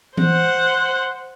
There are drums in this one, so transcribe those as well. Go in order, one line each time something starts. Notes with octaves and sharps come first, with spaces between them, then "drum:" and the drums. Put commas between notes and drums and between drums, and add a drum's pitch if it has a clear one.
C5 F#5, drum: tom E3